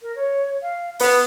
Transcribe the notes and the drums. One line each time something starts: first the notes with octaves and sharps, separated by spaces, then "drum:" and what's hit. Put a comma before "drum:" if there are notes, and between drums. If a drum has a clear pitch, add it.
A#4
C#5
F5
B3 B5, drum: open hi-hat